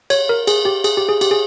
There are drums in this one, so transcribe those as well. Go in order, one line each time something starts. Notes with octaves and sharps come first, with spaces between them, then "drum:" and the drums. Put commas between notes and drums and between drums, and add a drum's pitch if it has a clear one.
C#5, drum: cymbal
A#4
G#4, drum: cymbal
G4
G#4, drum: cymbal
G4
G#4
G4, drum: cymbal
G#4